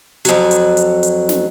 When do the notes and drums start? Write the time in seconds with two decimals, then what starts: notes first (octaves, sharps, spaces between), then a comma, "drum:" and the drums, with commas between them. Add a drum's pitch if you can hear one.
0.25 F2 F#3, drum: hi-hat
0.51 drum: hi-hat
0.77 drum: hi-hat
1.03 drum: hi-hat
1.29 drum: snare